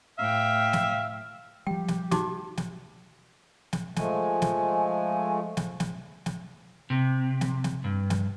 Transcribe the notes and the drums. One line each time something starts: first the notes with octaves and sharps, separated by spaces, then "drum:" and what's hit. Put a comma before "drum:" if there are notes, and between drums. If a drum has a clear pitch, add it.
A2 E5 F5 G5
drum: snare
F3 G3 G4 G5
drum: snare
D#4 F#4 D6, drum: snare
drum: snare
drum: snare
F3 G#3 A3 G#5, drum: snare
drum: snare
drum: snare
drum: snare
drum: snare
C3
drum: snare
drum: snare
G2
drum: snare